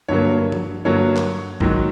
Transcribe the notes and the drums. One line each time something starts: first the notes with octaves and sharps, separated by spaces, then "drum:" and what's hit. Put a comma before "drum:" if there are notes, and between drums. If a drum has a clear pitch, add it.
G2 D3 F#3 A#3 C#5
drum: tom F3
G2 D3 F#3 A#3 C#5
drum: clap
G#2 D#3 F#3, drum: kick